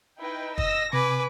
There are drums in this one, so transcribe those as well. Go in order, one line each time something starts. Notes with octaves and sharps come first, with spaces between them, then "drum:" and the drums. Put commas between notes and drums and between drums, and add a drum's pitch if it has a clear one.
D#4 E4 B4 G5
D#5 E6 A#6, drum: kick
C3 B4 G#5 D6